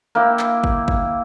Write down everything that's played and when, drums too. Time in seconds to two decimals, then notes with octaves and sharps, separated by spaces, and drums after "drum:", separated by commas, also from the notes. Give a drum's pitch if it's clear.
0.15 A#3 E4 G5
0.39 drum: clap
0.64 drum: kick
0.88 drum: kick